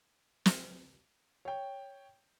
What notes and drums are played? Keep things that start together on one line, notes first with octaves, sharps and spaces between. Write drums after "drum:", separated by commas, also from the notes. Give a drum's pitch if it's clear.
drum: snare
C#5 G5